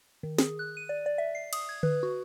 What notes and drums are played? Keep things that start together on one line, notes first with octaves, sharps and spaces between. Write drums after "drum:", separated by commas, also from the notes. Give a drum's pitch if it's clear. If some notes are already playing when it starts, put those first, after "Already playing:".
D#3
G#4, drum: snare
F#6
D#7
D5
D5
E5
C7
D#6, drum: cymbal
G#6
B4, drum: tom D3
F#4